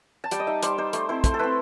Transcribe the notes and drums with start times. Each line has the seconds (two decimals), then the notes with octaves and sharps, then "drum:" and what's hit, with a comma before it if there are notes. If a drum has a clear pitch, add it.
0.24 A5
0.31 G3 G5, drum: hi-hat
0.39 D#5
0.47 D#4 E5
0.63 G3 C5, drum: hi-hat
0.78 D#4 C5
0.93 A3 C5, drum: hi-hat
1.09 C4 E4 C5
1.24 A3 C5, drum: kick, hi-hat
1.34 A4
1.39 C4 E4 B4